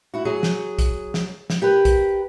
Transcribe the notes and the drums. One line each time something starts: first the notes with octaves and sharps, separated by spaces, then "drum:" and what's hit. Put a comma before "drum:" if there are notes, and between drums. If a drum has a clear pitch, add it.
E4 F#4
F#3 G#4
drum: snare
drum: kick, hi-hat
drum: snare
drum: snare
G4 A#4 B4
drum: kick, hi-hat